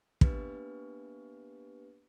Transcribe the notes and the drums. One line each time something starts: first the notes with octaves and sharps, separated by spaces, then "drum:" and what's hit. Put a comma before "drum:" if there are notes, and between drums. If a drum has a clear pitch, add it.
A#3 B3 D4 G4 B4, drum: kick